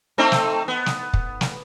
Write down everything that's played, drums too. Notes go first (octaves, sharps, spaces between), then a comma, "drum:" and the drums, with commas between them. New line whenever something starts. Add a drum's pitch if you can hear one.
A3 C4 D#4
drum: snare
B3
drum: snare
drum: kick
drum: snare